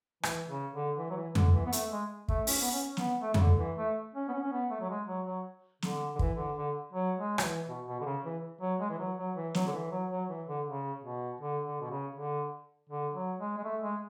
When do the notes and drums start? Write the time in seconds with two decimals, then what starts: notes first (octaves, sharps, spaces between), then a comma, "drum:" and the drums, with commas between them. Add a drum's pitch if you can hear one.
0.23 E3, drum: rim click
0.49 C#3
0.74 D3
0.98 E3
1.10 F#3
1.16 E3
1.35 D3, drum: tom F2
1.54 E3
1.66 B3
1.72 A3, drum: hi-hat
1.91 G#3
2.28 A3, drum: kick
2.47 C#4, drum: open hi-hat
2.61 B3
2.72 C#4
2.97 B3, drum: snare
3.22 A3
3.34 C#3, drum: tom F2
3.40 D3
3.59 E3
3.77 A3
4.15 C#4
4.28 B3
4.33 C#4
4.43 C#4
4.52 B3
4.70 A3
4.81 F#3
4.89 G#3
5.08 F#3
5.26 F#3
5.82 D3, drum: snare
6.15 D3
6.19 E3, drum: kick
6.38 D3
6.57 D3
6.94 F#3
7.19 G#3
7.38 F#3, drum: rim click
7.44 E3
7.68 B2
7.87 B2
8.01 D3
8.06 C#3
8.24 E3
8.61 F#3
8.80 G#3
8.90 E3
8.99 F#3
9.17 F#3
9.36 E3
9.55 F#3, drum: snare
9.67 D3
9.73 E3
9.92 F#3
10.11 F#3
10.29 E3
10.48 D3
10.66 C#3
11.04 B2
11.41 D3
11.66 D3
11.81 B2
11.90 C#3
12.15 D3
12.90 D3
13.14 F#3
13.40 G#3
13.57 G#3
13.64 A3
13.83 G#3